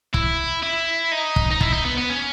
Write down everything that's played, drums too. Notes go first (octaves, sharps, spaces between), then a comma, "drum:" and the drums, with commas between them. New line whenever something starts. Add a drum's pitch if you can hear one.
E4, drum: kick
E4
D#4
drum: kick
D#4
E4, drum: kick
D#4
B3
B3
C#4